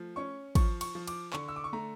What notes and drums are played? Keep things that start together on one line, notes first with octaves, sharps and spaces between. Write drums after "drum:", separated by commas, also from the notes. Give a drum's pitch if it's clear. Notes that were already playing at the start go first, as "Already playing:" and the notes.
Already playing: F3 A3
C#4 C#6
F3 C#6, drum: kick, cymbal
C#6, drum: cymbal
F3
D6, drum: cymbal
D3 C#6, drum: clap
E6
D6
C#6
A3 A#5